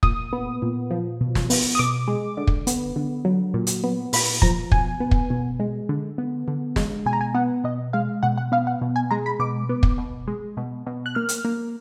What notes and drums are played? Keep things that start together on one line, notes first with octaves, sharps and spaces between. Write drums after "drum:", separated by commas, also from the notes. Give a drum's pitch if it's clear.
A#2 D#6, drum: kick
B3
A#2
F3
B2
drum: snare
B3, drum: open hi-hat
D#6
B2 D6
G#3
D3
drum: kick
B3, drum: hi-hat
D3
F#3
A#2
drum: hi-hat
B3
A#2 B5, drum: open hi-hat
F3 A#5, drum: kick
B2 G#5, drum: kick
B3
drum: kick
B2
G#3
D3
B3
D3
G#3, drum: snare
B2 G#5
A#5
G#5
B3 F#5
B2 D#5
G#3 F5
B2 F#5
F#5
B3 F5
F#5
B2
G#5
G#3 A#5
B5
B2 D6
B3
drum: kick
B2
G#3
B2
B2
F#6
A#3 F6
drum: hi-hat
A#3